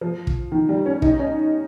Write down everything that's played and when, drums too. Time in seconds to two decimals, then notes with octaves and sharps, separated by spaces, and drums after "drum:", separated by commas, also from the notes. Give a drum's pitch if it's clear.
0.01 F3
0.27 drum: kick
0.52 D#3
0.69 G3
0.86 C#4
1.02 D#4, drum: kick
1.19 C#4